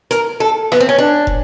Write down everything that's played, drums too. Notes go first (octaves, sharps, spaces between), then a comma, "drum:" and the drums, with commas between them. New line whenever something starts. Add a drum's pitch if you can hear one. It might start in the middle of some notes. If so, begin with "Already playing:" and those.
A#4, drum: hi-hat
A4
B3, drum: rim click
C4
C#4
D4
drum: kick